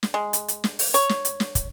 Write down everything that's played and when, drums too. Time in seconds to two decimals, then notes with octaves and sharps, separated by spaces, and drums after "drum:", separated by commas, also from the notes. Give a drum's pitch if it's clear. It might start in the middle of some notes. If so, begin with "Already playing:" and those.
0.03 drum: snare
0.14 G#3
0.33 drum: hi-hat
0.48 drum: hi-hat
0.64 drum: snare
0.79 drum: open hi-hat
0.94 C#5, drum: hi-hat
1.09 drum: snare
1.25 drum: hi-hat
1.40 drum: snare
1.55 drum: kick, hi-hat